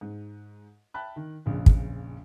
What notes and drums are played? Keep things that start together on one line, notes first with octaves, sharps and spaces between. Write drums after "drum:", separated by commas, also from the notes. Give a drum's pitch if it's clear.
G#2
E5 G5 A5 B5 F#6
D#3
A#1 F2 A#2 C#3
drum: kick